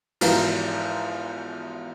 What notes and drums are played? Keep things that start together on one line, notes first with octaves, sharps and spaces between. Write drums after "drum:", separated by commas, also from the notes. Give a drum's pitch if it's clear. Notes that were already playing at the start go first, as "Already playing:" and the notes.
G#2 B2 E3 F3 F4 A#5, drum: cymbal